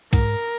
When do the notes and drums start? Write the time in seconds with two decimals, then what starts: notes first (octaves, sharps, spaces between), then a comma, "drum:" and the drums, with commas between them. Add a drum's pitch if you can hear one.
0.13 G#2 A#4, drum: kick, cymbal